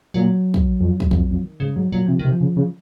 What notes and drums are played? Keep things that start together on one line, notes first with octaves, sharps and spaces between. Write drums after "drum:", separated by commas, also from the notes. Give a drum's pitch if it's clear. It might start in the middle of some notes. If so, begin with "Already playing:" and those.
A#2 F#3
drum: kick
F2
drum: kick
F2, drum: kick
F2
D#3
G#2 C#3
G#2 F#3
A#2 F#3
C3 F3
D#3
C3
F3
C#3
C#3